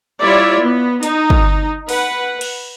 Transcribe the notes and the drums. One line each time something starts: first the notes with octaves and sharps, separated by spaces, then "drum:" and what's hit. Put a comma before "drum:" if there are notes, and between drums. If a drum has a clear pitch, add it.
G3 E4 F4 C#5 D5 E5
B3
D#4, drum: hi-hat
drum: kick
B4 F#5, drum: open hi-hat
drum: cymbal